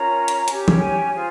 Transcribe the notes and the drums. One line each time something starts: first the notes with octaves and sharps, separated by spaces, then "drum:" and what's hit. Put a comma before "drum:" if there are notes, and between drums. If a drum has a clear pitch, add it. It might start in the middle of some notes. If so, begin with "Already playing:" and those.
Already playing: C#4 F4 A#4 C#5 A#5
drum: hi-hat
C#4 G4 C#5, drum: hi-hat
drum: tom E3
G#5
F4 G#4 C5